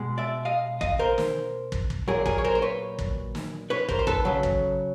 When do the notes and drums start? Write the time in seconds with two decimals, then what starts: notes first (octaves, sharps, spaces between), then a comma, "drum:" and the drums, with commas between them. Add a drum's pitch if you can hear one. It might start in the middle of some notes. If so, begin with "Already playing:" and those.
Already playing: B2 G#3
0.18 D5 E5
0.45 D#5 F5
0.81 D#5 F5, drum: kick
0.99 A#4 C5
1.18 drum: snare
1.72 drum: kick
1.90 drum: kick
2.08 A#2 F#3 G#4 A#4
2.26 G#4 A#4, drum: kick
2.38 C#5
2.44 A#4 C5
2.55 C5
2.62 B4 C#5
2.99 drum: kick
3.35 drum: snare
3.70 B4 C#5
3.89 A#4 C5, drum: kick
3.99 C5
4.07 A4 B4, drum: kick
4.25 C#3 F#3
4.43 drum: kick